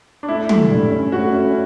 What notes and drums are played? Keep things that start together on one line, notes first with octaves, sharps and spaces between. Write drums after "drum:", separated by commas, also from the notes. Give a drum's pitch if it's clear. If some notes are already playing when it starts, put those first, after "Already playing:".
D4
A3 E4
A3, drum: tom
G2
C#4
A3 F#4
C#4